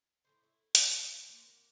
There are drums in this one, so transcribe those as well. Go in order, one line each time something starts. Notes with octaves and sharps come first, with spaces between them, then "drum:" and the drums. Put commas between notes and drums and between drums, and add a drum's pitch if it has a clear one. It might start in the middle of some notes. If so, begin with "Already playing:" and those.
A2 G3 C5
E4
drum: hi-hat
G3 C#4 E4
A#3 D4 C5
A#3 F#4